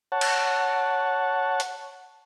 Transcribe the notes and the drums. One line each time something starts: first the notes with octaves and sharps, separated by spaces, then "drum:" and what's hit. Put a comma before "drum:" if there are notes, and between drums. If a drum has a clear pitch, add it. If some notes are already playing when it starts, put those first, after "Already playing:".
C#5 F#5 A5
drum: cymbal
drum: hi-hat